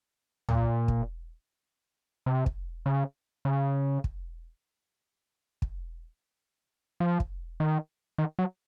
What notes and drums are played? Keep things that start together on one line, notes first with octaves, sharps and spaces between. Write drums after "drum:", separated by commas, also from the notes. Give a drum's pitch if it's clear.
A#2, drum: tom
drum: kick
C3
drum: kick
C#3
C#3
drum: kick
drum: kick
F3
drum: kick
D#3
D#3
F#3